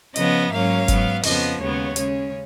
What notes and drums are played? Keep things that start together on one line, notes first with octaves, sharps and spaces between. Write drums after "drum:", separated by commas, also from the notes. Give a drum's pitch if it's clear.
C#3 F3 B3 D#5, drum: hi-hat
G#2 F#3 A#3 C#4 F5
G#2 F#3 B3, drum: kick F#1, hi-hat
F2 C#3 F3 B3 D#5, drum: open hi-hat
D#2 C#3 G#3 B3 C#5
C#3 G#3 C#4, drum: hi-hat